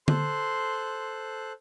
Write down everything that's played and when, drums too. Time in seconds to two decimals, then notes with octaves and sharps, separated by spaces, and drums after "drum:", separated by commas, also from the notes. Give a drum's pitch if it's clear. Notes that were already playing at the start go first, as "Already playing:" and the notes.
0.08 A4 C5 C6 F#6, drum: tom D3